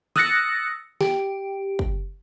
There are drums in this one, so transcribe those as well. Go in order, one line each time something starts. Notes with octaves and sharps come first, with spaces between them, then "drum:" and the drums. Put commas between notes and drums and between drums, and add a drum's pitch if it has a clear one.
D#6 E6 F#6 A6 A#6 C#7, drum: snare
G4, drum: snare
drum: kick